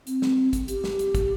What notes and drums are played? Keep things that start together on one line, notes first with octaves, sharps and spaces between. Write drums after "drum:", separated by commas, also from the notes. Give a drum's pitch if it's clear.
C4, drum: hi-hat
drum: snare
drum: kick, hi-hat
G4, drum: hi-hat
drum: snare
drum: hi-hat
drum: kick, hi-hat